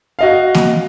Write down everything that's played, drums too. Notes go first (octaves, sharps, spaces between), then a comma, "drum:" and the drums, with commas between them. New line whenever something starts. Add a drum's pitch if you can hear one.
F#4 D#5 F5
drum: snare A#3